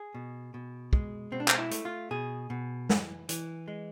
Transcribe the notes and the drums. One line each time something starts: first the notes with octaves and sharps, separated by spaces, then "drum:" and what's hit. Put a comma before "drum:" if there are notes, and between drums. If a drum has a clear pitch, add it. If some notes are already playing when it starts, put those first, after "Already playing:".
Already playing: G#4
B2
B2
G#3, drum: kick
B2 C4
D4
C4, drum: clap
E4
A3, drum: hi-hat
F4
B2 G#4
B2
E3, drum: snare
E3, drum: hi-hat
G#3